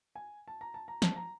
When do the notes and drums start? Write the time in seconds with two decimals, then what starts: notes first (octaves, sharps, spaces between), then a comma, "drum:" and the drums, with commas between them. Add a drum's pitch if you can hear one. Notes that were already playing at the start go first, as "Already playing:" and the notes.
0.15 G#5
0.48 A5
0.61 A#5
0.74 A5
0.88 A#5
1.02 A5, drum: snare
1.16 A#5